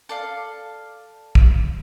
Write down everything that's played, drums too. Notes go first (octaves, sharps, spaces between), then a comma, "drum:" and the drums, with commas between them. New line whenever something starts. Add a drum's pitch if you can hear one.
A4 D5 F5
drum: kick